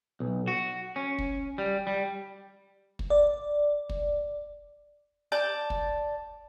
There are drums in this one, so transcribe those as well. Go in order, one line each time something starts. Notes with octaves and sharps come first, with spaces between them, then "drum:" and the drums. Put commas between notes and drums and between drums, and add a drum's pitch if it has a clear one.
B1
F#4
C#4
drum: kick
G3
G3
drum: kick
D5
drum: kick
D5 A5 G6
drum: kick